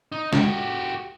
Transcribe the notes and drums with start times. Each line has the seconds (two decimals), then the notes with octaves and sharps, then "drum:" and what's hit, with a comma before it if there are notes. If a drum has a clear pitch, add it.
0.12 D#4
0.33 F#4 G4, drum: snare